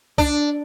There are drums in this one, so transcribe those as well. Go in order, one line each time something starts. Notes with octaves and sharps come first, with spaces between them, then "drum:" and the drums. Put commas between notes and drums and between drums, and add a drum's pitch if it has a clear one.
D4, drum: kick C2